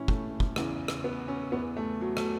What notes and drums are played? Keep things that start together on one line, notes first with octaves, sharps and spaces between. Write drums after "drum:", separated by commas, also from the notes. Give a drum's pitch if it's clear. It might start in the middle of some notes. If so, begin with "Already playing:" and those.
Already playing: A2 E3 C#4 E4
A3, drum: kick
drum: kick
E2 C#3 E3, drum: rim click
drum: rim click
B3
C#4
E2 E3 B3
A3
F#3
A3, drum: rim click